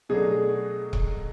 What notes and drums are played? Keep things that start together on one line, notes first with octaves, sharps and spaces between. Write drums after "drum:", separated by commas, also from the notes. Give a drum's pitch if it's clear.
B2 F#3 A3 D4 G#4
drum: kick C#1